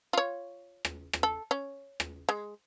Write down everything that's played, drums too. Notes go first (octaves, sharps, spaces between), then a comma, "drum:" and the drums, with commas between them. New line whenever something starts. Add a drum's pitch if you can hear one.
F4 C#5
drum: rim click
drum: rim click
A4
C#4
drum: rim click
G#3